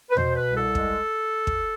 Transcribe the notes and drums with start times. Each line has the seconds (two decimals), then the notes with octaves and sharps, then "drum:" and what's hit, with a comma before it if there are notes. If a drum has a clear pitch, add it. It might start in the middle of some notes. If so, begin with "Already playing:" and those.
0.10 B4
0.17 B2 C5, drum: tom E2
0.36 B4
0.46 C2
0.56 A4
0.75 G#3, drum: kick
1.47 drum: kick